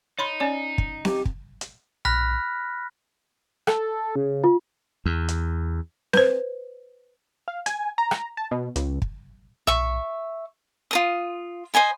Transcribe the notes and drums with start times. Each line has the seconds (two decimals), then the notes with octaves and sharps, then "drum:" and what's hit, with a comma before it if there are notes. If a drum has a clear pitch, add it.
0.19 D#4 C#5 B5 C6
0.40 C#4 C#5 D5
0.78 drum: kick
1.05 G4, drum: snare C4
1.25 drum: kick
1.61 drum: hi-hat
2.05 B5 F6 F#6 A#6 B6, drum: tom B1
3.67 A4, drum: rim click
4.16 C#3
4.44 F4
5.06 E2
5.28 drum: hi-hat
6.13 B4 C5, drum: snare C4
7.48 F5
7.66 G#5, drum: hi-hat
7.98 A#5
8.11 drum: rim click
8.37 A5
8.51 B2
8.76 C#2, drum: hi-hat
9.02 drum: kick
9.67 E5 C#6, drum: tom B1
10.91 F4 A#4 D#6
11.74 C5 D#5 G#5 B5